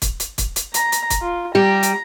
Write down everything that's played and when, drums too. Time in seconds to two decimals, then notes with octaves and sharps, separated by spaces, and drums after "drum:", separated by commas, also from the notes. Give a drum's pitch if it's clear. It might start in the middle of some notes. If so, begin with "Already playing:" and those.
0.02 drum: kick, hi-hat
0.20 drum: hi-hat
0.38 drum: kick, hi-hat
0.56 drum: hi-hat
0.74 A#5, drum: hi-hat
0.92 drum: hi-hat
1.10 drum: kick, hi-hat
1.22 F4
1.55 G3 G4 A#5
1.83 drum: hi-hat